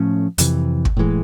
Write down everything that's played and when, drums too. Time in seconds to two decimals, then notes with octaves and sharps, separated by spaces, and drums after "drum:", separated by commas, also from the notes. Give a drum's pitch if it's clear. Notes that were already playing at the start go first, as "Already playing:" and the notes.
Already playing: A2 F3 A3 C#4
0.38 F2 C3 E3, drum: hi-hat
0.85 drum: kick
0.97 A2 E3 G#3